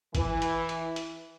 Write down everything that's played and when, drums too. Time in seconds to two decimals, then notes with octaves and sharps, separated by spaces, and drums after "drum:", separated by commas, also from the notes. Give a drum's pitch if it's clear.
0.15 E3, drum: kick, hi-hat
0.42 drum: hi-hat
0.69 drum: hi-hat
0.96 drum: hi-hat